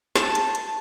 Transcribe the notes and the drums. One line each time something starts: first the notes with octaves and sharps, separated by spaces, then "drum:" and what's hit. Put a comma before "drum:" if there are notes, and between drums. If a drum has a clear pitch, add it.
A5, drum: snare
drum: hi-hat
drum: hi-hat